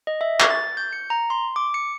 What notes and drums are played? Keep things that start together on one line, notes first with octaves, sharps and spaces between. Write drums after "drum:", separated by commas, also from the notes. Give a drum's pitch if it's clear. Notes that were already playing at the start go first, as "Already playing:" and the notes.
D#5
E5
drum: clap
A6
G6
C#7
A#5
C6
D6
C#7